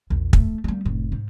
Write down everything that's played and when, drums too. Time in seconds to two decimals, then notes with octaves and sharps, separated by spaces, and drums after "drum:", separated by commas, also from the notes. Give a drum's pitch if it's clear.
0.10 A#1 E2
0.33 A3, drum: kick
0.64 G3 A#3
0.85 F1 A2
1.12 G#2